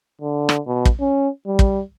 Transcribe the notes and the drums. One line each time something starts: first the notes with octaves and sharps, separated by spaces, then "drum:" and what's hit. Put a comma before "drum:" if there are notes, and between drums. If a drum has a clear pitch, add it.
D3
drum: rim click
B2
drum: kick
C#4
G3
drum: kick